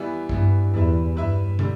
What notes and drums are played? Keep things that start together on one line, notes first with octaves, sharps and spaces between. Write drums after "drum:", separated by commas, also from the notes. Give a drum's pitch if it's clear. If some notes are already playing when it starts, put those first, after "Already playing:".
Already playing: E3 G3 B3 E4
G2 E3 G3 B3 E4, drum: kick
E2 G3 E4 B4 E5
G2 G3 E4 B4 E5
D3 G3, drum: tom